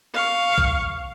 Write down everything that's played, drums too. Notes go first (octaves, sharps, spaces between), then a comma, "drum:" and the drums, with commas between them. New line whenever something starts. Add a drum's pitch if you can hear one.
F5 C#6
drum: kick B1